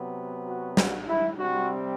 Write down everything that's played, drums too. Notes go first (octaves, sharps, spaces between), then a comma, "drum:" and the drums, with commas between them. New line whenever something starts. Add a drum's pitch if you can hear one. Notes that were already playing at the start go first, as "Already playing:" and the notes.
Already playing: C3 F#3 B3
F#4
F#4, drum: snare
E4
C3 G3 C4 F#4